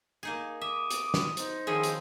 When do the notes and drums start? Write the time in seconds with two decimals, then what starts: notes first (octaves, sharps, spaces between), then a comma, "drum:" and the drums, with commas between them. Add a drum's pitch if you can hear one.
0.23 A#3 D#4 G#4
0.61 E5 D6 D#6
0.91 drum: hi-hat
1.14 drum: snare
1.37 D#4 C5, drum: hi-hat
1.67 D#3 F3 C#4 E4 G#4
1.83 drum: hi-hat